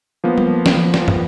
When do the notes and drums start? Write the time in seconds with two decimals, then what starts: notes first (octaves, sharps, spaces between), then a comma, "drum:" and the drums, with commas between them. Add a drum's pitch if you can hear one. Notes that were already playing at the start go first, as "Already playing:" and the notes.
0.24 F3 A#3 B3
0.38 drum: tom
0.66 drum: snare
0.94 drum: snare
1.08 drum: tom